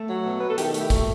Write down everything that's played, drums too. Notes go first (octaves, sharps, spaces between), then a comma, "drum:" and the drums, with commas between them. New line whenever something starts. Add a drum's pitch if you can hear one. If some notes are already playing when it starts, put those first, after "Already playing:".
Already playing: A3
F#3
B2
B2 B4
A4
D#3 E4 G4, drum: hi-hat
A3, drum: hi-hat
E4 G4
A3, drum: kick, hi-hat